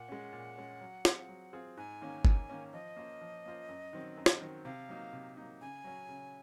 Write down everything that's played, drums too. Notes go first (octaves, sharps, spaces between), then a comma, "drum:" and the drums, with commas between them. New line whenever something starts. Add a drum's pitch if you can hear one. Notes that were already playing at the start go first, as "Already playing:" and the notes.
Already playing: A#2 F#5
G#3 C#4
A#2
G#3 C#4
F#3
C4 F4 G#4, drum: snare
F#3
C4 F4 G#4
G#2 G#5
D#3 A#3 C#4
G#2, drum: kick G1
D#3 A#3 C#4
F3 D#5
A#3 C#4 F4 C5
F3
A#3 C#4 F4 C5
F#2
D#3 F#3 C4
F#2
drum: snare
D#3 F#3 C4
C3 F5
F#3 A#3 D#4
C3
F#3 A#3 D#4
C#3 G#5
F#3 C#4
C#3